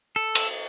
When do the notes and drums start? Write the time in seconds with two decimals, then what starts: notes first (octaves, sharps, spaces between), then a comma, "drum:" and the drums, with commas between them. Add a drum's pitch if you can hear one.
0.16 A4
0.35 drum: cymbal